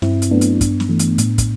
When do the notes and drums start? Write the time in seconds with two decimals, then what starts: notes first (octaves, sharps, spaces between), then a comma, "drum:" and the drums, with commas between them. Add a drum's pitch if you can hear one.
0.02 G2 C4 E4, drum: snare
0.22 drum: hi-hat
0.31 F#3 A3 B3 D4
0.41 drum: hi-hat
0.61 G2, drum: kick, hi-hat
0.80 drum: snare
0.89 E3 A3
0.99 drum: hi-hat
1.18 A2, drum: hi-hat
1.38 drum: kick, hi-hat